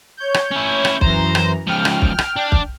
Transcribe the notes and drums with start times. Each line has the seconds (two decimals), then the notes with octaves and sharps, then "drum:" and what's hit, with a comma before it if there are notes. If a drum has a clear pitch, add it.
0.17 C#5 G6
0.34 drum: rim click
0.52 C#4 E4
0.85 drum: rim click
1.01 F#2 E3 C5 A#5, drum: kick
1.35 drum: rim click
1.67 C#2 F3 G5 F6
1.85 drum: rim click
2.02 drum: kick
2.18 drum: rim click
2.37 D4
2.52 drum: kick